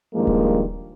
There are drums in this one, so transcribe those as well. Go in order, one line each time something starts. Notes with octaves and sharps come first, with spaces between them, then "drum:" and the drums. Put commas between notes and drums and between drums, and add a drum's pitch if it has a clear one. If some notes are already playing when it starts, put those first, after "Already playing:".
G2 D#3 F3 G#3 A#3
drum: kick D1